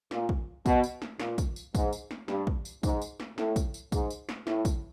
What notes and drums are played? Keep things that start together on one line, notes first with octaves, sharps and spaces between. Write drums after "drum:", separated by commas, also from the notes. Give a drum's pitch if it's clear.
A#2, drum: snare
drum: kick
B2, drum: kick, tambourine
drum: tambourine
drum: snare
A#2, drum: snare
drum: kick, tambourine
drum: tambourine
G#2, drum: kick, tambourine
drum: tambourine
drum: snare
G2, drum: snare
drum: kick
drum: tambourine
G#2, drum: kick, tambourine
drum: tambourine
drum: snare
A2, drum: snare
drum: kick, tambourine
drum: tambourine
G#2, drum: kick, tambourine
drum: tambourine
drum: snare
A2, drum: snare
drum: kick, tambourine